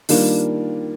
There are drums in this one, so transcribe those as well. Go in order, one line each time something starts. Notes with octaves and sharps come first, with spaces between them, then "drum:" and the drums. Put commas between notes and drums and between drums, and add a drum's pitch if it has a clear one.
D#3 G3 A#3 D4 F4, drum: open hi-hat